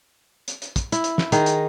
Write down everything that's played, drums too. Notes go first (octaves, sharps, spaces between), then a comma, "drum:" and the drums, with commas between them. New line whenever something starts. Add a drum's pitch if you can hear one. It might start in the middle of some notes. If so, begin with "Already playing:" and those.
drum: hi-hat
drum: hi-hat
drum: kick, hi-hat
E4, drum: hi-hat
drum: hi-hat
drum: snare
D#3 D#4 G#4, drum: hi-hat
drum: hi-hat